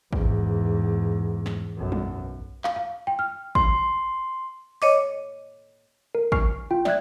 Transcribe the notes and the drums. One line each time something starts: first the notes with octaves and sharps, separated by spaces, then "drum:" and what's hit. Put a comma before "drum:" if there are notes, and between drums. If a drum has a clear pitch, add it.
E2 G#2, drum: kick
drum: snare
B1 F#2
drum: tom F#3
F5, drum: clap
F5
G5
F6
C6, drum: kick
C#5 D#5 D6, drum: open hi-hat
A#4
G#5 C#6 F6 C7, drum: kick
F4 G5
D5 E5 F#6 G#6, drum: snare